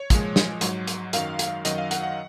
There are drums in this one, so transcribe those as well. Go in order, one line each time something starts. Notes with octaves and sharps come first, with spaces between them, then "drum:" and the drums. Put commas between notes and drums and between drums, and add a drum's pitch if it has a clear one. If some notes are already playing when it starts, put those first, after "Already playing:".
Already playing: C#5
A#2 F3 G#3, drum: kick, hi-hat
drum: snare
G#2 F#3, drum: hi-hat
drum: hi-hat
F#2 D#3 F#3 F5, drum: hi-hat
drum: hi-hat
F#2 D#3 F#3 D#5, drum: hi-hat
F5
F#5, drum: hi-hat
F#5